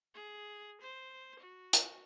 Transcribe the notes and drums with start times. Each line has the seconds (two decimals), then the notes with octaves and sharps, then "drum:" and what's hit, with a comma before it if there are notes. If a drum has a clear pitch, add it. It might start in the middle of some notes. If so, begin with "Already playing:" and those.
0.14 G#4
0.81 C5
1.39 F#4
1.73 drum: hi-hat